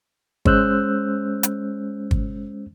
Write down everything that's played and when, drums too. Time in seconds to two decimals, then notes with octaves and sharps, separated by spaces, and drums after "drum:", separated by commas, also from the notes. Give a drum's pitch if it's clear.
0.45 G#3 C#4 C5 E6 F#6 G6, drum: kick
1.43 drum: hi-hat
2.11 drum: kick